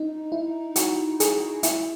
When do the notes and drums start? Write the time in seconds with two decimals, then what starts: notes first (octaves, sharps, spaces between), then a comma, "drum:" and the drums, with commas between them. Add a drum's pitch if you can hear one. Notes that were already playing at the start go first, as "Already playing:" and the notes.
Already playing: D#4
0.32 E4
0.76 F#4, drum: hi-hat
1.20 G#4, drum: hi-hat
1.63 E4, drum: hi-hat